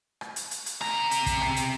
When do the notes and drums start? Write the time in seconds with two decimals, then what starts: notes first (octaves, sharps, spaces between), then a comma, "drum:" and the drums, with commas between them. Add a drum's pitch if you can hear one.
0.21 drum: rim click
0.36 drum: hi-hat
0.51 drum: hi-hat
0.66 drum: hi-hat
0.81 C3 A#5, drum: rim click
1.11 drum: hi-hat
1.26 drum: kick, hi-hat
1.41 drum: rim click
1.56 drum: hi-hat